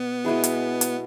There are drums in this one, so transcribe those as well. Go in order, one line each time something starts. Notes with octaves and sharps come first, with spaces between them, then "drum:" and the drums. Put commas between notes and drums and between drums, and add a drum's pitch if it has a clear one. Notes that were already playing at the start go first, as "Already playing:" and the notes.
Already playing: B2 B3
B2 G#3 E4 G#4
drum: hi-hat
drum: hi-hat